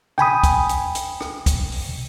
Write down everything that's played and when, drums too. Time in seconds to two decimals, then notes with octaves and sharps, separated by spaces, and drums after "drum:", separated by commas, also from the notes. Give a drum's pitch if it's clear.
0.18 G5 G#5 B5 D#6, drum: rim click
0.43 drum: kick, hi-hat
0.69 drum: hi-hat
0.95 drum: hi-hat
1.21 drum: rim click
1.46 drum: kick, hi-hat
1.72 drum: open hi-hat